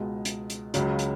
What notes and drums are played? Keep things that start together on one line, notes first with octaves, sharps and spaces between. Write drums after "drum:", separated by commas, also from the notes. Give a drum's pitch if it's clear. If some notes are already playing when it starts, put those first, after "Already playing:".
Already playing: C#2 B2 G#3
drum: hi-hat
drum: hi-hat
C#2 C#3 F#3, drum: hi-hat
drum: hi-hat